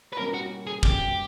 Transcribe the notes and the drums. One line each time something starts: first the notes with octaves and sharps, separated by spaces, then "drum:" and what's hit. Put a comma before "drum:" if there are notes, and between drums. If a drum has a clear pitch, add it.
B4
B2 G3 A#3 C#4 A#4
F#4
G#4
B2 G3 A#3 C#4 G4, drum: kick